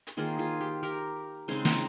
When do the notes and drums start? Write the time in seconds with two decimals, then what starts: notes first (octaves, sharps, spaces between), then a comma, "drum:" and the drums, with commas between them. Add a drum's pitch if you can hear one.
0.07 drum: hi-hat
0.17 D#3 A#3 F4 G#4 C5
0.39 F4 G#4
0.61 G4
0.83 G4 A#4
1.48 C#3 G#3 C4 D#4 G#4 C5
1.65 G5 A#5, drum: snare